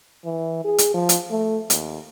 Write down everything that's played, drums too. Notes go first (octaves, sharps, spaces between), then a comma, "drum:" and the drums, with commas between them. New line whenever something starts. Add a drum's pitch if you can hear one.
E3
G#4
drum: hi-hat
F3
drum: hi-hat
A3
D#2, drum: hi-hat